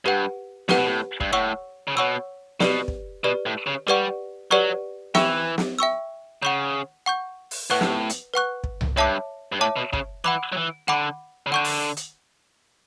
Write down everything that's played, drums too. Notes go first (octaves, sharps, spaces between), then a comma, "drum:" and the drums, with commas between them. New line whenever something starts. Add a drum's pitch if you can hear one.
G2 G4 B4 F#5
A2 G4 B4 F#5, drum: snare
B2
A2
G2, drum: kick
A2 C#5 F#5 C#6 E6
C#3
B2 C#5 F#5 C#6 E6
B2 G4 B4 D5, drum: snare
drum: kick
B2 G4 B4 D5
A2
C#3
G3 G4 B4 D5 F#5 C#6
F#3 G4 B4 D5 F#5 C#6
E3 E5 G5 C#6 E6, drum: snare
drum: snare
E5 G5 C#6 E6
C#3 F#5 C#6 G6
F#5 C#6 G6
drum: open hi-hat
A2 B4 F#5 C#6 F#6
drum: snare
drum: hi-hat
B4 F#5 C#6 F#6
drum: kick
drum: tom C2
G2 C#5 E5 A5 D6
G2
A2 C#5 E5 A5 D6
B2
C#3, drum: kick
E3 F#5 B5 D6
F#3
E3
D3 F#5 B5 D6
C#3
D3 F#5 C#6 G6
drum: open hi-hat
drum: hi-hat